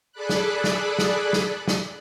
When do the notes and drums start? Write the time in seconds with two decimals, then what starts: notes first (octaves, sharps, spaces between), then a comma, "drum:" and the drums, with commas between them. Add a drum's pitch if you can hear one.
0.12 G#4 A4 D5 B5 F#6
0.29 drum: snare
0.64 drum: snare
0.99 drum: snare
1.33 drum: snare
1.68 drum: snare